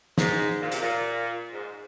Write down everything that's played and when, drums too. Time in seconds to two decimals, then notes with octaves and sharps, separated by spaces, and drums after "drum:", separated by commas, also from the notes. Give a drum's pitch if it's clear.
0.18 G#2, drum: snare
0.62 A#2
0.72 C3, drum: hi-hat
0.81 A#2
1.52 G#2